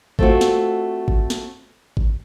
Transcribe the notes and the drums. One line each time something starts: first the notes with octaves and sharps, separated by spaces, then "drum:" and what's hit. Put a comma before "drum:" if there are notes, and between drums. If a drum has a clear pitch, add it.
A3 C4 F4 F#4, drum: kick G#1
drum: snare
drum: kick G#1
drum: snare
drum: kick G#1